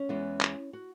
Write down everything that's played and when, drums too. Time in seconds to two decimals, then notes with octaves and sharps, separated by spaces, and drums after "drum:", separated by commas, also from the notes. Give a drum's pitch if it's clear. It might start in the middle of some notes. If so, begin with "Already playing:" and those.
Already playing: C#4
0.09 E2 E3 G#3 B3
0.41 drum: clap
0.73 F#4